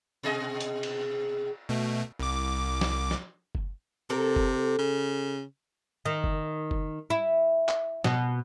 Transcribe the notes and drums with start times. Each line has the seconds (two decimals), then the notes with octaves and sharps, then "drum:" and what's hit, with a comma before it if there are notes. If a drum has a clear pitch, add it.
0.23 B2 G#4 D#5
0.60 drum: hi-hat
0.83 drum: cymbal
1.69 B2 A3
2.19 C2 D6
2.81 drum: snare
3.11 drum: snare
3.55 drum: kick F#1
4.10 C3 A4 A#4
4.36 drum: kick F#1
4.78 C#3
6.05 D#3
6.24 drum: kick F#1
6.71 drum: kick F#1
7.10 E4
7.68 drum: clap
8.04 B2, drum: snare